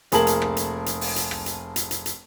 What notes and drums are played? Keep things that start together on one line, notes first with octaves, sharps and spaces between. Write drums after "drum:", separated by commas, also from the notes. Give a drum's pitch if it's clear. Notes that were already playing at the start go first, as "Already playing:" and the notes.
F1 A#3 G#4 A#4 A5 F#7, drum: hi-hat
drum: hi-hat
drum: rim click
drum: hi-hat
drum: hi-hat
drum: open hi-hat
drum: hi-hat
drum: rim click
drum: hi-hat
drum: hi-hat
drum: hi-hat
drum: hi-hat